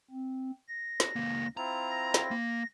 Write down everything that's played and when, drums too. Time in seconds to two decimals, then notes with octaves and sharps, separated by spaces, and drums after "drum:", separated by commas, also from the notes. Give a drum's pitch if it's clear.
0.11 C4
0.68 A#6
1.00 drum: snare
1.16 C#2 A#3
1.57 C4 E4 F4 A#5
1.91 A#6
2.14 drum: snare
2.31 A#3